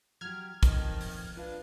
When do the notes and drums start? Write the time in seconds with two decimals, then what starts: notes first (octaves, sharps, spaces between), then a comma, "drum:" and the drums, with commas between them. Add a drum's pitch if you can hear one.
0.21 F#3 G4 F6 G#6
0.63 F2 A#2 D#3 F3 D#5, drum: kick, hi-hat
1.01 drum: open hi-hat
1.36 D4 F4 B4 F5